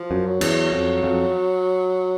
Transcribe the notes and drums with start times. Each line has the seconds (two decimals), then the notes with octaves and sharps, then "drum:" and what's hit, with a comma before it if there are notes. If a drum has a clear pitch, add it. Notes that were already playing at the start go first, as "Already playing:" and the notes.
Already playing: F3
0.11 F#2
0.26 F#3
0.41 E2, drum: cymbal
0.73 F2
1.03 F2